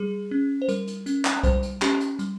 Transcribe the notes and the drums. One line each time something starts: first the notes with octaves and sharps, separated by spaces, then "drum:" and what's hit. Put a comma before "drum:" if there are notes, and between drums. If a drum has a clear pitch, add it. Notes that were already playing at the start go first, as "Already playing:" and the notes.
Already playing: G3 G#4
C#4
C5
G3 A#4, drum: hi-hat
drum: hi-hat
C#4, drum: hi-hat
drum: clap
G3 C5, drum: kick B1, hi-hat
drum: hi-hat
C#4 G4, drum: clap
drum: hi-hat
G3, drum: hi-hat